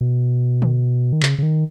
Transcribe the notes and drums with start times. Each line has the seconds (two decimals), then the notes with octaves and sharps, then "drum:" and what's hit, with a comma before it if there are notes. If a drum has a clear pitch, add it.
0.01 B2
0.62 drum: tom D3
1.13 D#3
1.23 C#3, drum: clap
1.38 C#3
1.43 D#3